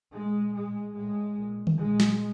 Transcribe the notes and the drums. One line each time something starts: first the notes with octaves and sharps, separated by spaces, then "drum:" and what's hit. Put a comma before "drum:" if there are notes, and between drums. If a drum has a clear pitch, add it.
A#2 G#3
A2 G#3
A2 G#3
A#2
drum: tom D3
A#2 G#3
drum: snare